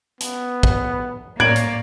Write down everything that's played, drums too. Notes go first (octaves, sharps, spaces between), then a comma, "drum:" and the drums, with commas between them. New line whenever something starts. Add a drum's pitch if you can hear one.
B3, drum: hi-hat
drum: kick
A#3 C#5 D5 G#6 D7 F#7, drum: tom A2
drum: hi-hat